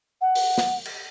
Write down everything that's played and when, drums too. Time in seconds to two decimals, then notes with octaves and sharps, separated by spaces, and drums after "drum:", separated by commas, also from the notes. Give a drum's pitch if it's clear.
0.21 F#5
0.35 drum: open hi-hat
0.58 drum: snare
0.86 drum: cymbal